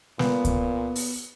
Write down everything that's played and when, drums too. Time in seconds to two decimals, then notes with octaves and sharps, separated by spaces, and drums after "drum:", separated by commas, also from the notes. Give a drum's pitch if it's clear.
0.19 A#2 B3, drum: snare
0.45 drum: kick C#2, hi-hat
0.95 drum: open hi-hat